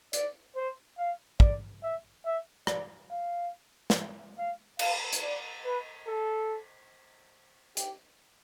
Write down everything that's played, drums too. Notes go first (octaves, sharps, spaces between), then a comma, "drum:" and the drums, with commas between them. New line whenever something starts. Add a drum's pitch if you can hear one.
D5, drum: hi-hat
C5
F5
D5, drum: kick
E5
E5
D5, drum: rim click
F5
drum: snare
F5
F5, drum: cymbal
drum: hi-hat
D5
B4
A4
G4, drum: hi-hat